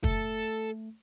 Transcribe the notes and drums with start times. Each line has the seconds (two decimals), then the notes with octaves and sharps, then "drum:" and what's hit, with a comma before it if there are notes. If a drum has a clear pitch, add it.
0.04 A3 A4, drum: kick